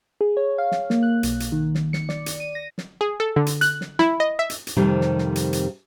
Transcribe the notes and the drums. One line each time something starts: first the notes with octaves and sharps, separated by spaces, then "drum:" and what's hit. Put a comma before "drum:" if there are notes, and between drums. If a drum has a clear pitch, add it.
G#4
C#5
F5
drum: snare
A#3, drum: snare
F#6
B1, drum: hi-hat
drum: hi-hat
D#3
drum: snare
C#7, drum: snare
D5, drum: snare
drum: hi-hat
D#7
A#6
drum: snare
G#4
A4
D3
drum: hi-hat
F#6, drum: hi-hat
drum: snare
E4, drum: snare
D#5
E5
drum: hi-hat
drum: hi-hat
F2 C3 D#3 G3
drum: snare
drum: snare
drum: hi-hat
drum: hi-hat